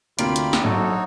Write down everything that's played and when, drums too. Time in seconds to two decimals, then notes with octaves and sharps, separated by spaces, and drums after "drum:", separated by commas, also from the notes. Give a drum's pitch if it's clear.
0.19 D2 C3 A#3 F4 G4 D5 B5 D7, drum: hi-hat
0.36 drum: hi-hat
0.53 drum: snare
0.64 A#1 F#3 D#4 F#4 A4 C#5